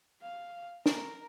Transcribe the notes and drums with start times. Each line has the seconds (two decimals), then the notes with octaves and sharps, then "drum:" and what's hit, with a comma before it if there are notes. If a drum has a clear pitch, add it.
0.22 F5
0.86 A#4, drum: snare